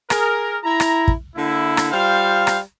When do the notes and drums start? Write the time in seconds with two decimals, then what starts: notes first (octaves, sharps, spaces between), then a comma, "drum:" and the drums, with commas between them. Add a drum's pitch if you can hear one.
0.10 G#4 A#4, drum: rim click
0.64 E4 A#5
0.80 drum: rim click
1.08 drum: kick
1.36 D3 A#3 E4
1.77 drum: rim click
1.92 G3 F4 C5 F5
2.47 drum: rim click